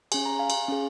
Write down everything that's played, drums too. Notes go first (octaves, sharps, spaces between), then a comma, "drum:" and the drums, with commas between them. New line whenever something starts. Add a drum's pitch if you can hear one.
C#4 G#4 G#5, drum: cymbal
A#5
F5 G#5
drum: cymbal
C#4 G#4